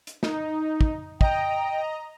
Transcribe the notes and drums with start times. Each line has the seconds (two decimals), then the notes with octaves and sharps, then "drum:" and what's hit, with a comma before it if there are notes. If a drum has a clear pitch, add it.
0.07 drum: hi-hat
0.23 D#4, drum: snare
0.81 drum: kick
1.21 D#5 G5 A#5, drum: kick